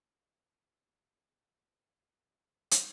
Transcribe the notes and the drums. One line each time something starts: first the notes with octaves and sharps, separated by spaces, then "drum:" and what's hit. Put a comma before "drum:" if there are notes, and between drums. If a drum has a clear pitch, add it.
D4 F#6
drum: hi-hat